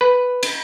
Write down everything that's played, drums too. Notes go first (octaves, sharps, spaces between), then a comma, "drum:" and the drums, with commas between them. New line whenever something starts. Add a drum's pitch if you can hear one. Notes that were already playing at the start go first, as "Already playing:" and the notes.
B4
drum: cymbal